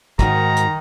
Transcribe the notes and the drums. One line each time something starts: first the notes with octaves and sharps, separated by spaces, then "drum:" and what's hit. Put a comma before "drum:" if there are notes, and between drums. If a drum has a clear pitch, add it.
G#2 D#3 F#4 A#4 A#5, drum: kick, hi-hat
drum: hi-hat